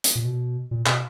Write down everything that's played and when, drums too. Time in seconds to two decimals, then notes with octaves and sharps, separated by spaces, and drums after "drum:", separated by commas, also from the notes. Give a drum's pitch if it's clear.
0.04 drum: hi-hat
0.15 A#2
0.25 B2
0.71 A#2
0.86 B2, drum: clap